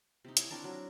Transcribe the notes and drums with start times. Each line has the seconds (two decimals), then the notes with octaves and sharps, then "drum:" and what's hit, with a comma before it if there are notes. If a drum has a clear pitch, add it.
0.25 C3 D#4
0.37 E4 C#5 D5, drum: hi-hat
0.50 C4 D4 A#4 D5
0.64 F#3